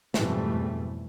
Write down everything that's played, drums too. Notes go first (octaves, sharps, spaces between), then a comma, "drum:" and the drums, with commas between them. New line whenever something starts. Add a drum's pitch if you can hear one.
F2 G#2 B2 E3 G3 A3, drum: snare